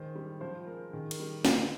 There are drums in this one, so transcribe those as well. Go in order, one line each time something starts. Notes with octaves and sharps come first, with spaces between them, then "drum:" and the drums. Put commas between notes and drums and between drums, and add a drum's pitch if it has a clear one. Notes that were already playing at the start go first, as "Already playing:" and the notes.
Already playing: D#3 G#3 C5
G3
F3 C5
G#3 A#4
D#3 G#4
A#4, drum: cymbal
G3
D3 D5, drum: snare